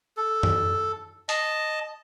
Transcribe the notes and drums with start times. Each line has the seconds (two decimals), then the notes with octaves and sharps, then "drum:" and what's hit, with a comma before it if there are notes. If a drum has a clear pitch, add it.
0.17 A4
0.43 drum: tom
1.29 D#5 A5, drum: hi-hat